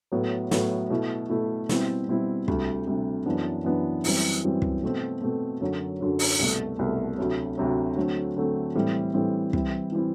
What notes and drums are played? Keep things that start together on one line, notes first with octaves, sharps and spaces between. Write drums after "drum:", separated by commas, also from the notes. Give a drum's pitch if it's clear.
A2 F#3 B3
A2 F#3 B3, drum: snare
B2 A3 E4
B2 A3 E4
B2 G3 C4 E4, drum: snare
B2 G3 C4 E4
D2 C3 G3, drum: kick
D2 C3 G3
F#2 E3 B3 D4
F#2 E3 B3 D4
F#2 E3 G3 C4, drum: open hi-hat
F#2 E3 G3 C4
drum: kick
B2 A3 C4
B2 A3 C4
F#2 D3 F#3
F#2 D3 F#3
drum: open hi-hat
C2 B2 A3
C2 B2 A3
D2 C3 F#3
D2 C3 F#3
D3 F#3 A3 C4
D3 F#3 A3 C4
A2 E3 G3 C4
A2 E3 G3 C4
E3 G3 C4 E4, drum: kick
E3 G3 C4 E4